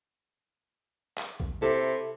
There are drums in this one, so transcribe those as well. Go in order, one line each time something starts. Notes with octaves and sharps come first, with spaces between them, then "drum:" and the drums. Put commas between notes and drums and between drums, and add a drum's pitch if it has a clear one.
drum: clap
drum: kick
C3 E4 A4